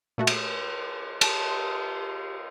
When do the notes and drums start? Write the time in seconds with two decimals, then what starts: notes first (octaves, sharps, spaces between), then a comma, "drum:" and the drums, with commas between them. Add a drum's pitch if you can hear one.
0.18 A#2 A3 F#4
0.27 drum: cymbal
1.21 G4 A5 C6, drum: cymbal